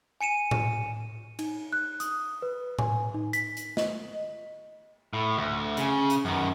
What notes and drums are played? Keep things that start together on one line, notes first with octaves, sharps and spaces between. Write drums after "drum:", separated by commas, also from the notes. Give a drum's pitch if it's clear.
G#5 C#7 D#7 E7
drum: tom A2
D#4, drum: cymbal
F#6
D#6, drum: hi-hat
B4
G#5, drum: tom A2
D#4
B6, drum: hi-hat
drum: hi-hat
D#5, drum: snare
A2
D2
C#3, drum: hi-hat
drum: hi-hat
F#2 D#3